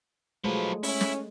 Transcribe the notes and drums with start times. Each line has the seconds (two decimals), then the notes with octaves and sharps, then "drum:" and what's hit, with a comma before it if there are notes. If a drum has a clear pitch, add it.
0.44 F3 F#3 G#3 A3 B4
0.83 C#4 E4, drum: open hi-hat
1.01 drum: snare